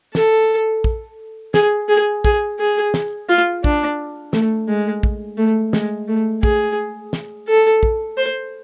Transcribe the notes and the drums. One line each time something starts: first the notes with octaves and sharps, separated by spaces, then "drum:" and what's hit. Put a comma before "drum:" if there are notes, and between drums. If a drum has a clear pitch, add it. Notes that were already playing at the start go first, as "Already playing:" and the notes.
A4, drum: snare
drum: kick
G#4, drum: snare
G#4
G#4, drum: kick
G#4
drum: snare
F4
D4, drum: kick
A3, drum: snare
G#3
drum: kick
A3
G#3, drum: snare
A3
G#4, drum: kick
drum: snare
A4
drum: kick
C5